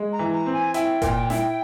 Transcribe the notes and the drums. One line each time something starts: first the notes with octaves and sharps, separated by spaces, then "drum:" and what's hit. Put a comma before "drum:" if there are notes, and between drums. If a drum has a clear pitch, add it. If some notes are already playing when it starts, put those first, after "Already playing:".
Already playing: G#3
A#5
E3
A#5
C4
G#5
E4 G5, drum: hi-hat
A#2, drum: kick F#1, hi-hat
E4, drum: snare